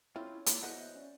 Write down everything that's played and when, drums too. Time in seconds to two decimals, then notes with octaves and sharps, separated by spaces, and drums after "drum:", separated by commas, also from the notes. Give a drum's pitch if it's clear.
0.16 C4 C#4 E4 F4 C#5
0.46 A#3 F4 B4, drum: hi-hat
0.63 E3 F#3 B3 C5 D#5 F#5
0.79 E5
0.96 C#4 D5